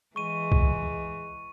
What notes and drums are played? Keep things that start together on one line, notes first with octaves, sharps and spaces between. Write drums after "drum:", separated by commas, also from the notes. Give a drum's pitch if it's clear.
E3 G#3 C#6 D#7
drum: kick C2